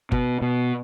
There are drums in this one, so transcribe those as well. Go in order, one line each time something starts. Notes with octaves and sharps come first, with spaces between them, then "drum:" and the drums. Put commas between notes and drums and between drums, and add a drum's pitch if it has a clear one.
B2, drum: kick G1
B2